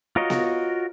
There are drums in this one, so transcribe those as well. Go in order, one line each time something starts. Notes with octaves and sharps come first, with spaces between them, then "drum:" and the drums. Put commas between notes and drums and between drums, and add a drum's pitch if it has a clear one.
F4 F#4 A#4 C#5 D#5
drum: snare B3